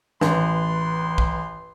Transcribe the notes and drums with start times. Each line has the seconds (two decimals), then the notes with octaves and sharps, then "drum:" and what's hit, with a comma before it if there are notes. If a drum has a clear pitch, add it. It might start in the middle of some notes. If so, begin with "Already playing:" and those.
0.21 A1 B4 C6, drum: snare
1.18 drum: kick